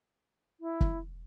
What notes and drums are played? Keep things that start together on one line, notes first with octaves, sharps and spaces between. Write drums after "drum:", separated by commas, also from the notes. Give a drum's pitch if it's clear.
E4
drum: kick